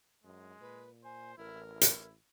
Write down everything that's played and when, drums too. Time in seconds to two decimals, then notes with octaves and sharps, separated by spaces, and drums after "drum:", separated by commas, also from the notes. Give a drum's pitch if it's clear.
0.24 F#2 G#3
0.60 A#2 B4
1.04 C5 G#5
1.37 A1 E4 A#4
1.70 E4
1.81 drum: hi-hat